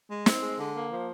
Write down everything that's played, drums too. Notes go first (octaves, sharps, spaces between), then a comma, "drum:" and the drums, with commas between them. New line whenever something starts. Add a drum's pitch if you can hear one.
G#3
C4, drum: snare
G#3
D3
A#3
F3